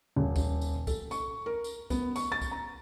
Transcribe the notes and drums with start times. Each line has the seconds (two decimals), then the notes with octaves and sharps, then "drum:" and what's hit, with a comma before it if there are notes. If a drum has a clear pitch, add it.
0.16 D#1
0.36 drum: kick, tambourine
0.61 drum: tambourine
0.87 A4, drum: kick, tambourine
1.11 C#6, drum: tambourine
1.46 A#4
1.64 drum: tambourine
1.90 B3, drum: kick, tambourine
2.16 C#6, drum: tambourine
2.32 A6
2.42 drum: kick, tambourine
2.52 A#5